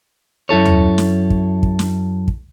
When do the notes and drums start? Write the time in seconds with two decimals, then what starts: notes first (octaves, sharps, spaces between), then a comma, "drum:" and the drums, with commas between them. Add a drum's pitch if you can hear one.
0.49 F#2 E4 A4 C#5
0.65 drum: tom D#2
0.98 drum: snare
1.30 drum: kick
1.63 drum: kick
1.79 drum: snare
2.28 drum: kick